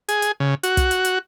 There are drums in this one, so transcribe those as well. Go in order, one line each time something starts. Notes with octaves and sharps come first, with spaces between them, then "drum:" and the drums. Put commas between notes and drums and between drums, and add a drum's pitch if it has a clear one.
G#4, drum: hi-hat
drum: hi-hat
C#3
F#4, drum: hi-hat
drum: kick, hi-hat
drum: hi-hat
drum: hi-hat